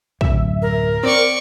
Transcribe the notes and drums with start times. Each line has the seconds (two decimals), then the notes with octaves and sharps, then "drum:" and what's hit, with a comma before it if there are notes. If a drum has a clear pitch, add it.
0.21 D1 F#2 E5, drum: kick
0.62 A#4
1.03 C4 D5 C#6